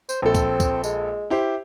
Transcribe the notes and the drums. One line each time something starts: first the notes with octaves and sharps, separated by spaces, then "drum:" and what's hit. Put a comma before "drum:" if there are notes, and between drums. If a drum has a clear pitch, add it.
C5, drum: tambourine
A#1 C4 A4
drum: kick, tambourine
drum: kick, tambourine
G#3, drum: tambourine
E4 G4 C5